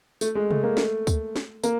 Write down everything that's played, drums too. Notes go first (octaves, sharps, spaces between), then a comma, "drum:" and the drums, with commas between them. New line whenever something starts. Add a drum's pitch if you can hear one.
A3, drum: tambourine
G#3
A3, drum: tom C3
A#3
A3, drum: snare
drum: kick D2, tambourine
drum: snare
A#3, drum: tambourine